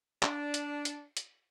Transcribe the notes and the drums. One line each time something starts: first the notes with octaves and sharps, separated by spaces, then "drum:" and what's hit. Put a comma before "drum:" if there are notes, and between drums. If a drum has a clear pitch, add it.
D4, drum: clap
drum: hi-hat
drum: hi-hat
drum: hi-hat